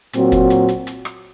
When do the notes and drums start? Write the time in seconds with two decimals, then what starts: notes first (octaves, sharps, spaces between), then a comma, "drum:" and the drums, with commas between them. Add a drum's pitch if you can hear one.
0.13 A#2 F#3 C4 F#4, drum: hi-hat
0.32 drum: kick, hi-hat
0.50 drum: hi-hat
0.69 drum: hi-hat
0.87 drum: hi-hat
1.05 drum: rim click